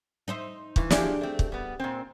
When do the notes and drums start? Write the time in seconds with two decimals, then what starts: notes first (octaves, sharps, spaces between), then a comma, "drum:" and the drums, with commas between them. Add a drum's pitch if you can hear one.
0.28 D#4 C5 E5
0.76 G2 E3, drum: kick
0.90 F3 D4 E4 G4 G#4 D5, drum: snare
1.21 A3 C4
1.39 drum: kick
1.52 G3 B3
1.80 A#2 C4